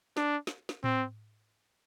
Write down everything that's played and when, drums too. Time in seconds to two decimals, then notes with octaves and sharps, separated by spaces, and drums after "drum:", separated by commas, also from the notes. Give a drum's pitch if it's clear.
0.17 D4, drum: snare
0.47 drum: snare
0.69 drum: snare
0.84 C4, drum: tom A2